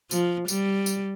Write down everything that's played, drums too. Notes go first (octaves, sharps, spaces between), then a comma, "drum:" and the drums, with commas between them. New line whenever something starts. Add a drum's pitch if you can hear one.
F3, drum: tambourine
G3, drum: tambourine
drum: tambourine